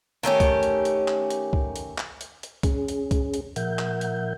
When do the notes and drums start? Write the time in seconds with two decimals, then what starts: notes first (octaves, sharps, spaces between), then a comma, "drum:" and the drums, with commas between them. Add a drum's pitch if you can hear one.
0.23 D#3 A3 C#4 G4
0.40 drum: kick, hi-hat
0.63 drum: hi-hat
0.85 drum: hi-hat
1.08 drum: clap
1.30 drum: hi-hat
1.53 drum: kick
1.76 drum: hi-hat
1.98 drum: clap
2.21 drum: hi-hat
2.43 drum: hi-hat
2.63 C#4 G#4, drum: kick, hi-hat
2.88 drum: hi-hat
3.11 drum: kick, hi-hat
3.34 drum: hi-hat
3.56 A#2 F3 A#4 E5 F#5 G6, drum: hi-hat
3.79 drum: clap
4.01 drum: hi-hat